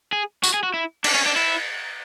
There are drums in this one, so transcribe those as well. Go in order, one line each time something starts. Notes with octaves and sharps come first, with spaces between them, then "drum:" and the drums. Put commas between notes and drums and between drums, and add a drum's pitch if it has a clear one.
G#4
F#4, drum: tambourine
G#4
F#4
E4
D4, drum: cymbal
C#4
D4
E4